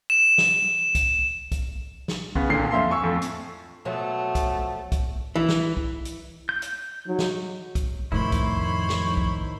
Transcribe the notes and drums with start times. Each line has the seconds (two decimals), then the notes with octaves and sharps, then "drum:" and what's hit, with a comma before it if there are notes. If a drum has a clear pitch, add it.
0.10 E7
0.38 drum: snare
0.95 drum: kick, hi-hat
1.52 drum: kick, hi-hat
2.08 drum: snare
2.35 C#3 B3, drum: kick
2.49 D#1 A#2 D3 C7
2.71 F2 E5 F5 C6
2.90 G#5 C#6 E6
3.04 F2 A2
3.22 drum: hi-hat
3.85 B2 F3 F#3 A3
4.35 drum: kick, hi-hat
4.92 drum: kick, hi-hat
5.36 E3
5.49 drum: snare
5.77 drum: kick
6.05 drum: hi-hat
6.49 G6
6.62 drum: hi-hat
7.06 F#3 D#4
7.19 drum: snare
7.75 drum: kick, hi-hat
8.12 F2 A2 D#3 E4 C5 C#5 B5
8.32 drum: kick, hi-hat
8.89 drum: snare
9.17 drum: kick